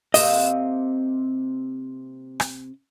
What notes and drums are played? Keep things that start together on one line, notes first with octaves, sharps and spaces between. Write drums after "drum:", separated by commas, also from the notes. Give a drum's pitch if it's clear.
C3 A#3 D#5, drum: open hi-hat
drum: rim click